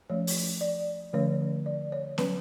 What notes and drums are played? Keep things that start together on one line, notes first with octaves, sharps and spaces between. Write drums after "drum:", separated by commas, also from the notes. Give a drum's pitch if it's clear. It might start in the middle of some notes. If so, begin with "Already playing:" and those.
F3 A3 C#4 C#5
drum: open hi-hat
D5
D3 F3 A3 C#4 C#5
D5
C#5
F#3 C#4 B4, drum: snare B3